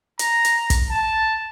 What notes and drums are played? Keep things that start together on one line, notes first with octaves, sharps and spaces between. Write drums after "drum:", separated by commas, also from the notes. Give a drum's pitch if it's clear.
A#5, drum: hi-hat
drum: hi-hat
drum: kick, hi-hat
A5